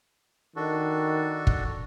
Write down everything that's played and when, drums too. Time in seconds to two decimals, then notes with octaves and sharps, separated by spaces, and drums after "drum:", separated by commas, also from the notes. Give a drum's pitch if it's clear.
0.56 D#3 D4 F#4 A4
1.47 drum: kick